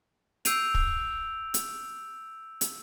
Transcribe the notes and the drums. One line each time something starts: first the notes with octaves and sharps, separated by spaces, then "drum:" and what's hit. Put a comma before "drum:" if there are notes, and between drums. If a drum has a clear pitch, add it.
E6 G6 C7 D7 D#7 F7, drum: hi-hat
drum: kick
drum: hi-hat
drum: hi-hat